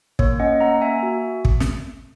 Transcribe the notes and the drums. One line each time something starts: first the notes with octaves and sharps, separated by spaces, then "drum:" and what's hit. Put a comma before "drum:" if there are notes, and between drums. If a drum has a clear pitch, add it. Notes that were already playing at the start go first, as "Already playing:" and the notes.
A#3 C#5, drum: kick
C#4 D#5 F#5
A#3 F#5 A#5
A#3 E5 G#5
F#4
drum: kick
drum: snare